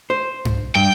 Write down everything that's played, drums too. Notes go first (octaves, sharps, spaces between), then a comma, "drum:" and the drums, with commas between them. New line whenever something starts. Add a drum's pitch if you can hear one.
C5
drum: tom G2
G2 G5